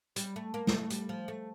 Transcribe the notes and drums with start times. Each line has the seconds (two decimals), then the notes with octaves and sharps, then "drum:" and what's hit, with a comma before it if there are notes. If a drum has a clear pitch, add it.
0.16 G3, drum: hi-hat
0.36 A3
0.54 A#3
0.67 G3, drum: snare
0.72 A3
0.90 G3, drum: hi-hat
1.09 F3
1.28 A3